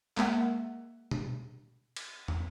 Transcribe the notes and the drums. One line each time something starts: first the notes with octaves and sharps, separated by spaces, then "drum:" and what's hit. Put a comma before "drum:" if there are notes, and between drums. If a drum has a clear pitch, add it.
G#3 A#3 E5 F#5, drum: clap
drum: tom B2
drum: cymbal
drum: tom